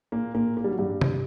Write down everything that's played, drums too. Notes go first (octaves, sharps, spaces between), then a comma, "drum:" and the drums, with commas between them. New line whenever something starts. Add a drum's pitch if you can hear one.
A#2 A#3
A#2 A#3
A#3
G3
F#3
G2 G3
drum: tom C3